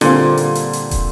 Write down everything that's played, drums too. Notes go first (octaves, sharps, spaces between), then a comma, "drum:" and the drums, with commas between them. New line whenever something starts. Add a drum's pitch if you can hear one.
A#2 D3 G3 C4 F4, drum: hi-hat
drum: hi-hat
drum: hi-hat
drum: hi-hat
drum: kick, hi-hat